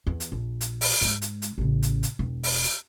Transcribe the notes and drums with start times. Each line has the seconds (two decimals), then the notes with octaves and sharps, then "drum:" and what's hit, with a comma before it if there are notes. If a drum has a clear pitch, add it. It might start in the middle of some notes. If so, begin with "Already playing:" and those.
0.07 E2
0.20 drum: hi-hat
0.32 A#1
0.61 drum: hi-hat
0.81 drum: open hi-hat
1.01 G#2 G#3, drum: hi-hat
1.22 drum: hi-hat
1.42 drum: hi-hat
1.58 A1 C#3
1.83 drum: hi-hat
2.03 drum: hi-hat
2.19 E1
2.43 drum: open hi-hat
2.64 drum: hi-hat